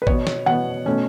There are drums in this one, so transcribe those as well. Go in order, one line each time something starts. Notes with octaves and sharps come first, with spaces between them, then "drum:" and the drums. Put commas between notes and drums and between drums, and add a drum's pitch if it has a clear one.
B4
B2 B3 C#5, drum: kick
drum: snare
B2 B3 F#5
B2 A3 C#4